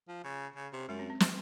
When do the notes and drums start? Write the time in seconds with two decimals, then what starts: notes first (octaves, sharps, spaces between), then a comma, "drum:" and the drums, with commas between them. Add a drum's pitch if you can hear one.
0.08 F3
0.24 C#3
0.56 C#3
0.73 C3
0.88 F#2 G#3
0.99 C4
1.10 C4
1.20 drum: snare